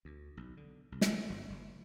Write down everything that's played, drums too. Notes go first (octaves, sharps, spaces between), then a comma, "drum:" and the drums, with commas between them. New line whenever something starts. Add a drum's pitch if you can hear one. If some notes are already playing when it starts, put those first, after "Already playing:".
D2
B1
D3
C2
drum: snare
D3
G1
F#1